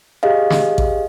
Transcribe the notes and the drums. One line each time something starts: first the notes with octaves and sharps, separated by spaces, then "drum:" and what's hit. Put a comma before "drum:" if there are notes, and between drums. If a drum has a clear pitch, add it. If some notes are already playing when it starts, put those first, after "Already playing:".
G4 G#4 D#5 F5
drum: snare
drum: kick A1